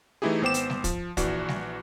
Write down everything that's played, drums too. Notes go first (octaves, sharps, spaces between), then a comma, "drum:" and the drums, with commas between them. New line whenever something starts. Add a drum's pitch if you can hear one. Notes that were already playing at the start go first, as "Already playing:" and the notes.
E3 A3 D#4 E4 G4 G#4
G#1 B3 C5 G5 D6 E7
drum: hi-hat
drum: snare G3
F3, drum: kick, hi-hat
A#1 E3 F#4 D5, drum: kick, hi-hat
drum: snare G3